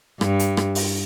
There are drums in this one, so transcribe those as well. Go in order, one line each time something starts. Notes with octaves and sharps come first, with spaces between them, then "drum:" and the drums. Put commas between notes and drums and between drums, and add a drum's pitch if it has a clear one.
G2, drum: rim click
drum: hi-hat
drum: rim click
drum: open hi-hat